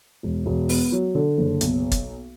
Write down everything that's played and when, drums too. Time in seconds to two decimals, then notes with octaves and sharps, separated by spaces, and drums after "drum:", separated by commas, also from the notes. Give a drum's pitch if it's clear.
0.23 E1
0.46 E1
0.69 B3, drum: open hi-hat
0.92 F#3
1.15 D3
1.38 F#1
1.61 B1, drum: hi-hat
1.91 drum: kick, hi-hat